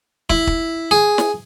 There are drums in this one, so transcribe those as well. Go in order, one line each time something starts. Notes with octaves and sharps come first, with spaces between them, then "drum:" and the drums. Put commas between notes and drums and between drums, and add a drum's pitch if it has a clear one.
E4, drum: kick
drum: kick
G#4
drum: snare